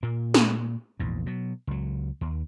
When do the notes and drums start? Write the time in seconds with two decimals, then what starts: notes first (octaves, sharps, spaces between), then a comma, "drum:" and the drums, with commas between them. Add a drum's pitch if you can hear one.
0.03 A#2 A#3
0.34 drum: snare
1.00 A#1 E2 G#2
1.26 B2 F#3
1.67 C#2 F#3
2.21 D#2